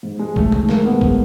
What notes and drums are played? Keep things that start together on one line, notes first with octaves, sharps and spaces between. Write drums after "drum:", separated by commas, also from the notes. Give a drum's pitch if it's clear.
G#2
G#2 G#3
G#3 A3, drum: kick B1
D#3 A3, drum: tom C3
G#2 A#3, drum: snare G3
G#2 B3
G#3, drum: kick B1